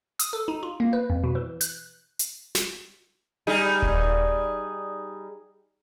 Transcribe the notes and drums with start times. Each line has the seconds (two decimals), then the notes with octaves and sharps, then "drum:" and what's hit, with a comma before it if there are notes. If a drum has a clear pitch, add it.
0.19 D#6, drum: hi-hat
0.33 A4
0.48 D#4
0.63 F4
0.80 A#3
0.93 B4
1.10 F2
1.24 B2
1.35 E3
1.61 F#6, drum: hi-hat
2.19 drum: hi-hat
2.55 drum: snare
3.47 G3 D#4 G#4
3.82 drum: kick D#1